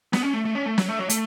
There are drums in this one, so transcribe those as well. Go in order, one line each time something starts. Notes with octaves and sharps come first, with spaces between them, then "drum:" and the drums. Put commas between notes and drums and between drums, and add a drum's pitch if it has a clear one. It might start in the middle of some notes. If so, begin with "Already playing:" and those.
B3, drum: snare
C#4
A3
A3
C#4
A3
F#3, drum: snare
A3
F#3
A3, drum: hi-hat